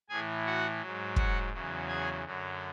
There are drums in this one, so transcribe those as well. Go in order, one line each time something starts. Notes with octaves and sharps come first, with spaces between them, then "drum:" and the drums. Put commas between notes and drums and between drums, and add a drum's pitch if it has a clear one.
A2 E3 G#4 G#5
F#4 F#5
G#2 F#3
F#4 F#5, drum: kick
E2 C#3 F#3
G#4 G#5
F#2 D3 F#3